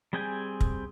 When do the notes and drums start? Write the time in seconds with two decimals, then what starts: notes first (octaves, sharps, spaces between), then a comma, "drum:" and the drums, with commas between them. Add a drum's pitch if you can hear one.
0.13 G3 C4 G#4 G5 G#5
0.61 drum: kick